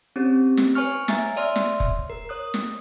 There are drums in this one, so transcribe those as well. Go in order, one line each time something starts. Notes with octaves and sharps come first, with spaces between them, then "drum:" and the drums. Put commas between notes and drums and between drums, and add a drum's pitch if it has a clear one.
C4 C#4 G4 C#5
drum: snare
B4 C#5 G#5 C#6 F6
E5 G#5 A#5 A6, drum: snare
C#5 D5 E5 C6 F6
drum: snare
drum: kick F1
A#4
C#5 D#6 F#6
drum: snare